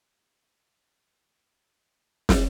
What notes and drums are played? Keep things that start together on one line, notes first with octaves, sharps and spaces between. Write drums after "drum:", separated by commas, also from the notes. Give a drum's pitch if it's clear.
D#2 D3 A3 C4 D#4
F#3 F#4
D4 D5
D#5
D4 D5
F#4 F#5
F#4 F#5
F#2 D3 G3 A#3 F#4 F#5
drum: snare